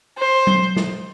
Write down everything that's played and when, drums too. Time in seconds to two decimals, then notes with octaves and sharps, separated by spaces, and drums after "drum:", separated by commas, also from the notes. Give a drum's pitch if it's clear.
0.18 C5
0.47 drum: tom F#3
0.76 drum: snare